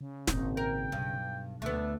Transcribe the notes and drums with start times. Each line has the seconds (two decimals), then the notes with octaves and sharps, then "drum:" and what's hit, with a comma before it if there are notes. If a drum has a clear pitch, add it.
0.01 C#3
0.27 G#1 A#2 D#4, drum: snare
0.57 A#4 G5
0.92 B1 G2
1.62 D2 A3 B3 D4